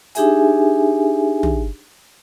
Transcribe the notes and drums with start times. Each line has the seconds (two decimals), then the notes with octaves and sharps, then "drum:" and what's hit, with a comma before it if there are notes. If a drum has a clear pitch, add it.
0.15 D4 D#4 G4 G#4 E5 G#5, drum: hi-hat
1.43 drum: tom